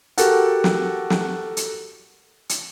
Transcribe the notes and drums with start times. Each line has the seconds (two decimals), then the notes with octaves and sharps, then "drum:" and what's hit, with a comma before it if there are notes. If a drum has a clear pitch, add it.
0.18 F#4 G4 A4 A#4 F#5, drum: hi-hat
0.64 drum: snare
1.10 drum: snare
1.57 drum: hi-hat
2.49 drum: hi-hat